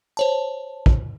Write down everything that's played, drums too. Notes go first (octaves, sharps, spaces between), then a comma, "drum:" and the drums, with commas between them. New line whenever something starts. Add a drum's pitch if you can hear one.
C5 C#5 A5
drum: kick